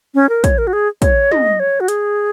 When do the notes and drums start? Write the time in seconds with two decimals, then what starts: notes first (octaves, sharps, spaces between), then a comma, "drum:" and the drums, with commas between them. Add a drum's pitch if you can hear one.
0.15 C#4
0.29 A#4
0.44 C#5, drum: kick, hi-hat
0.58 A#4
0.67 F#4
0.73 G#4
1.02 C#5, drum: kick, hi-hat
1.32 D#5, drum: tom
1.60 C#5
1.80 F#4
1.88 G#4, drum: hi-hat